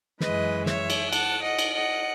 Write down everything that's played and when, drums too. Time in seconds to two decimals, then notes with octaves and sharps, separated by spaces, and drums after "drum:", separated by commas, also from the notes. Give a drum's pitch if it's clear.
0.20 F#2 E3 G#3 B4 D#5, drum: snare
0.66 C#5 E5, drum: snare
0.90 drum: cymbal
1.13 F#5 A5, drum: cymbal
1.43 D#5 F#5
1.59 drum: cymbal
1.74 D#5 F#5